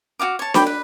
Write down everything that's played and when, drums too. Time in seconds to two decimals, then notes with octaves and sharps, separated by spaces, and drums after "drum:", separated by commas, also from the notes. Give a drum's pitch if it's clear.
0.19 F#4 D#5 F5 D6
0.39 C#5 A5
0.54 G5 B5 D6, drum: snare D4
0.66 B4